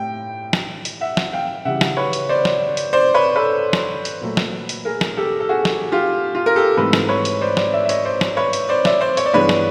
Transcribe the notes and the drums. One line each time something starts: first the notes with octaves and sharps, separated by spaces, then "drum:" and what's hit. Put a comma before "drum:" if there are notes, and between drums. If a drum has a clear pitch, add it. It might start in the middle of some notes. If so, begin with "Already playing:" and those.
Already playing: A2 G3 G5
drum: snare
drum: hi-hat
E5 F#5
drum: snare
F5 G5
C#3 E3 G3 E5 F#5
drum: snare
B4 C#5
drum: hi-hat
C5 D5
drum: snare
drum: hi-hat
C5 D5
B4 C#5
A4 B4
drum: snare
drum: hi-hat
A#2 F#3 A3
drum: snare
drum: hi-hat
G#4 A#4
drum: snare
G4 A4
A4
F#4 G#4
drum: snare
F4 G4
F4
A#4
G4 A4
G#2 E3 A3 C4 A4 B4
drum: snare
B4 C#5
drum: hi-hat
C5 D5
C5 D5, drum: snare
D5 E5
E5
C#5 D#5, drum: hi-hat
C5 D5
drum: snare
B4 C#5
drum: hi-hat
C5 D5
D5 E5, drum: snare
C5 D5
C#5, drum: hi-hat
D5
G2 E3 G#3 B3 D4 B4 C#5
drum: snare